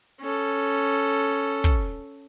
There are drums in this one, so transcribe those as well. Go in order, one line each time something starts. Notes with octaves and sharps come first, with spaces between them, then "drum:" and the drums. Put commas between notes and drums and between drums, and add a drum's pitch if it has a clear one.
C#4 A4
drum: kick